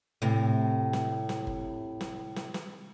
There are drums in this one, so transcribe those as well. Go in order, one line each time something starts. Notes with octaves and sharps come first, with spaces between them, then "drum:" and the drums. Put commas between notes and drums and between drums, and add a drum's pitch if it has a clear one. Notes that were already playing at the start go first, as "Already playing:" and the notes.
A2 C3
drum: snare
drum: snare
drum: kick G1
drum: snare
drum: snare
drum: snare